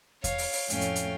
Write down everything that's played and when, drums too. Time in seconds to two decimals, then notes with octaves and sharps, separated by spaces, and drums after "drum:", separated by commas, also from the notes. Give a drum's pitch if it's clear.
0.24 C#5 F5, drum: kick E2, hi-hat
0.38 drum: open hi-hat
0.53 drum: open hi-hat
0.70 F2 A2 A3 C#4 F5 G5, drum: hi-hat
0.81 drum: hi-hat
0.96 drum: hi-hat